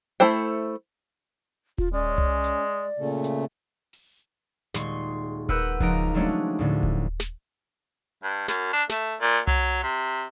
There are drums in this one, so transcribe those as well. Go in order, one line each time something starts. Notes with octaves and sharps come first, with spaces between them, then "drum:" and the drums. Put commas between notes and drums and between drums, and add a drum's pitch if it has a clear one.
A3 E4 A4 C5 G5
F4, drum: kick D#1
G#3 C#4 D5
drum: tom C2
drum: hi-hat
A#2 C#3 A3
drum: hi-hat
drum: open hi-hat
D#1 G#3 C6 C#6, drum: snare
A#4 B4 F#5 E6 F#6 G6, drum: kick D#1
C#2 F3 D#4 A#5 D7, drum: kick D#1
F3 F#3 G#3 A3 C#4 D4
D2 A2 D3
drum: kick D#1
drum: snare
G2
F#2, drum: snare
D4
A3, drum: snare
A#2
F#3, drum: tom C2
C3